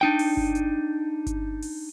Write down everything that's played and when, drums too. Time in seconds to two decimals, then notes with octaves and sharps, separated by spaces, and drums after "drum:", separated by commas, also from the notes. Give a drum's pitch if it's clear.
0.01 D4 D#4 G5
0.19 drum: open hi-hat
0.37 drum: kick G1
0.55 drum: hi-hat
1.27 drum: kick G1, hi-hat
1.62 drum: open hi-hat